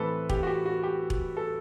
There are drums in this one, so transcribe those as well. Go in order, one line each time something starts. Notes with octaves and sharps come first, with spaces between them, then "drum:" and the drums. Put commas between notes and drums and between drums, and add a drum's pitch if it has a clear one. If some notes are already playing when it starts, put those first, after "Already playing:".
Already playing: A2 E3 A3 C4 A4 B4
G4, drum: kick E1
F#4
G4
F#4
G4
drum: kick E1
A4